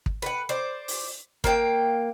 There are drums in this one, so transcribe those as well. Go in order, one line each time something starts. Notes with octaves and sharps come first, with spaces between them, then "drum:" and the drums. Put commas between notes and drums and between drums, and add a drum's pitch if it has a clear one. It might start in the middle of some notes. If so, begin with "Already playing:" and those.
drum: kick
B4 F#5
C5 D5
drum: open hi-hat
A#3 F5 G5, drum: kick